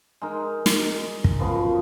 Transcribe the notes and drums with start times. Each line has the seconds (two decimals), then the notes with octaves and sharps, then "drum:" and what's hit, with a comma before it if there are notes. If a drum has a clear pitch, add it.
0.22 G#3 D#4 A#4
0.66 drum: snare
1.24 drum: kick
1.39 F#2 F3 B3